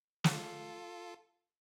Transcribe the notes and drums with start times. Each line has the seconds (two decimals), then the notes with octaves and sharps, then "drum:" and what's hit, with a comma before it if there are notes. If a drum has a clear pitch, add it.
0.24 F4 A4, drum: snare